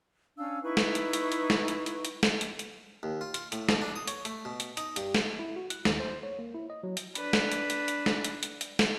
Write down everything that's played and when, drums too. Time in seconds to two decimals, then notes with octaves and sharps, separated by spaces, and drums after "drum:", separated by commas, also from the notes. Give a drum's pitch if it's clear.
0.36 C#4 D4 F5 E6
0.63 D#4 E4 B4 C#6
0.77 drum: snare
0.95 drum: hi-hat
1.13 drum: hi-hat
1.32 drum: hi-hat
1.50 drum: snare
1.68 drum: hi-hat
1.86 drum: hi-hat
2.05 drum: hi-hat
2.23 drum: snare
2.41 drum: hi-hat
2.59 drum: hi-hat
3.03 D#2
3.21 F4
3.34 F4, drum: hi-hat
3.52 A2, drum: hi-hat
3.69 B2, drum: snare
3.81 D4
3.96 D#6
4.08 C#5, drum: hi-hat
4.25 A3, drum: hi-hat
4.45 B2
4.60 drum: hi-hat
4.77 D#4, drum: hi-hat
4.96 G2, drum: hi-hat
5.15 drum: snare
5.39 E4
5.56 F#4
5.70 F#6, drum: hi-hat
5.85 D#2, drum: snare
6.00 C5
6.23 C#5
6.39 A#3
6.55 E4
6.70 D#5
6.83 F#3
6.97 drum: hi-hat
7.15 D4 B4, drum: hi-hat
7.33 drum: snare
7.52 drum: hi-hat
7.70 drum: hi-hat
7.88 drum: hi-hat
8.06 drum: snare
8.24 drum: hi-hat
8.43 drum: hi-hat
8.61 drum: hi-hat
8.79 drum: snare